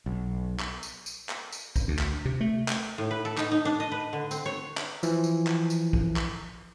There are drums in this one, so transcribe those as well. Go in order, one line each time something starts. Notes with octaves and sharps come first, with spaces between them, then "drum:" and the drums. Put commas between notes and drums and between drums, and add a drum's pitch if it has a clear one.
B1
drum: clap
drum: tambourine
drum: tambourine
drum: clap
drum: tambourine
drum: kick, tambourine
D2
drum: clap
C3
A3
drum: clap
A2
B4
A4
D#4, drum: clap
D#4
D4
D#5
B4
D3
C4, drum: tambourine
C#5
drum: clap
E3 F3, drum: tambourine
drum: tambourine
drum: clap
drum: tambourine
drum: kick
drum: clap